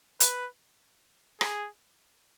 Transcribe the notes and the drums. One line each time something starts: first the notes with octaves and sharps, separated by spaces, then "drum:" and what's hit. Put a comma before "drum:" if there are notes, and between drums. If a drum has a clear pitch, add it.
B4, drum: hi-hat
G#4, drum: rim click